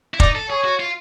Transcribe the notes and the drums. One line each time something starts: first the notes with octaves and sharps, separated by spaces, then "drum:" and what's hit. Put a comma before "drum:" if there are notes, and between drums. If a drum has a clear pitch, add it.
E4
D#4 D5, drum: kick F1
A4
G#4 C#5
F#4
F4